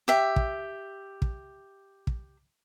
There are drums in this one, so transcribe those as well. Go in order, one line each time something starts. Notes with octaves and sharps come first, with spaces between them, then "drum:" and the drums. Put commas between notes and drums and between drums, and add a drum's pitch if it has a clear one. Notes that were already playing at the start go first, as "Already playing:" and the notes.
G4 E5
drum: kick
drum: kick
drum: kick